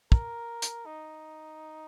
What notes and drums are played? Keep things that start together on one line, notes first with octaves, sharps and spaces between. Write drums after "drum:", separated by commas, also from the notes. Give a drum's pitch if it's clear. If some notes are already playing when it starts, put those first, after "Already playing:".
A#4, drum: kick
drum: hi-hat
D#4